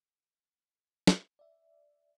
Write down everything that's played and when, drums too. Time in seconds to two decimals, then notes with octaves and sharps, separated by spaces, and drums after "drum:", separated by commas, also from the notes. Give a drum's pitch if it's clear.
1.07 drum: snare
1.39 D5 E5